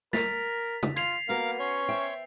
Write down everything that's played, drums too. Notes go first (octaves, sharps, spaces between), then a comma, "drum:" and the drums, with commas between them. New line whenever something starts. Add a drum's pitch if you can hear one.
A#4 A6 B6 F7, drum: snare
drum: tom
F4 G#6 C7 F7, drum: hi-hat
A#3 B3 F#4 A#4 F5 A#5
C#4 C#5 C6 C#6
C5 E5 G5